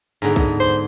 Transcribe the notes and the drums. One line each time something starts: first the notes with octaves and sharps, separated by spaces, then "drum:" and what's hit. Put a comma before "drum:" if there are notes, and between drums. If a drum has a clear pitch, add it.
G#2 D3 B3
drum: kick, open hi-hat
C5